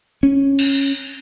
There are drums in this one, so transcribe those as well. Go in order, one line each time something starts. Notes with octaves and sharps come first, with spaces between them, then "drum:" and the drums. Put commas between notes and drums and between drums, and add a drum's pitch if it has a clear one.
C#4
drum: cymbal